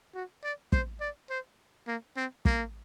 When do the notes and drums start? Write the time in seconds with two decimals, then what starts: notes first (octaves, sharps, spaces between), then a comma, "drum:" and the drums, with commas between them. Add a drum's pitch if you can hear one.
0.15 F#4
0.44 D5
0.72 C5, drum: kick
1.01 D5
1.30 C5
1.87 A#3
2.17 C4
2.45 A#3, drum: kick